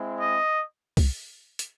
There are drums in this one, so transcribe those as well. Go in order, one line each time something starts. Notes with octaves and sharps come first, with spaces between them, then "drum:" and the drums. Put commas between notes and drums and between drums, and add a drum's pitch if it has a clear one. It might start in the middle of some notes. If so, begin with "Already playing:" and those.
Already playing: G#3 C4 E4
D#5
drum: kick, open hi-hat
drum: hi-hat